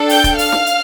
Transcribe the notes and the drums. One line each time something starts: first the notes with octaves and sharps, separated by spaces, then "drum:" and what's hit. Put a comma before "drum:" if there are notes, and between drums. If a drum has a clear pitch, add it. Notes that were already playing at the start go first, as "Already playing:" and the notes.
Already playing: D4 A4
G5 G6, drum: open hi-hat
drum: kick, hi-hat
F5 F6, drum: open hi-hat
drum: snare
drum: hi-hat